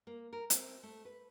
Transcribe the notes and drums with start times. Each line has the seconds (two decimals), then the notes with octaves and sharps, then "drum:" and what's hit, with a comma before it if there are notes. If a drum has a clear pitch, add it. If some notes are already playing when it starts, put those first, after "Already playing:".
0.07 A#3
0.33 A#4
0.50 C4, drum: hi-hat
0.83 A3
1.05 B4